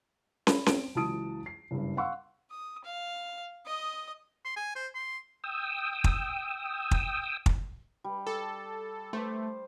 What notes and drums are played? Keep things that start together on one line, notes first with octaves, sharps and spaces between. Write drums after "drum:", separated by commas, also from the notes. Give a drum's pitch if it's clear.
B5, drum: snare
C4 D7, drum: snare
C#2 E3 F#3 A5 D#6 D7
C7
F#1 G2
F5 F#5 C6 C#6 E6
D#6
F5
D#5 D#6
C6
G#5
C5
C6
G5 D#6 E6
drum: kick
drum: kick
drum: kick
G3
A4 D6
A3 C5 D6